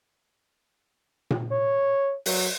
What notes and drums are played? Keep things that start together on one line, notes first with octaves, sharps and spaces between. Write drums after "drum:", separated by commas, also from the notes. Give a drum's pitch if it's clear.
drum: tom A#2
C#5
F#3, drum: open hi-hat